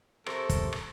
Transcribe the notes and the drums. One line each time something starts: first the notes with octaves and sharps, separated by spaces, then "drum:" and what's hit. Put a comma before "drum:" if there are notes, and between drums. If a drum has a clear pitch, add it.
C3 A4 A#4 C6 C#6, drum: rim click
drum: kick, hi-hat
drum: rim click